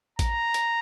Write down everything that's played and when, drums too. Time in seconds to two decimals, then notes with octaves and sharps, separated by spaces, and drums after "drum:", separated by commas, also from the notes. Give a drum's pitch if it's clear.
0.19 A#5, drum: kick A1, hi-hat
0.54 drum: hi-hat